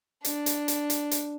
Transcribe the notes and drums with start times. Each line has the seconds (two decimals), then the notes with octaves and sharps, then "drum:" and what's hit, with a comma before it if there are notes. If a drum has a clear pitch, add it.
0.25 D4, drum: hi-hat
0.46 drum: hi-hat
0.68 drum: hi-hat
0.90 drum: hi-hat
1.11 drum: hi-hat